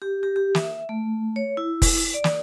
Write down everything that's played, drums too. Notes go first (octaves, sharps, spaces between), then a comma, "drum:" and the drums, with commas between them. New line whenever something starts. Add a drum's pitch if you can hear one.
G4
G4
G4
E5, drum: snare
A3
C#5
E4
drum: kick F1, open hi-hat
D5
drum: snare